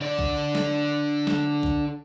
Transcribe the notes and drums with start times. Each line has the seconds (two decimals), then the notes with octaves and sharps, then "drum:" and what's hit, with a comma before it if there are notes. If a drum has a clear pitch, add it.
0.01 D3 D5
0.19 drum: kick A#1
0.55 drum: snare
1.27 drum: snare
1.63 drum: kick A#1